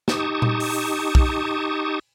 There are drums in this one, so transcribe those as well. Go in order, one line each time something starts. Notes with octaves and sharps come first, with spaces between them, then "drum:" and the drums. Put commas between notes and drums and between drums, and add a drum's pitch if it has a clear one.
D#4 G4 A5 C#6 D#6, drum: snare
drum: tom A#2
drum: open hi-hat
drum: kick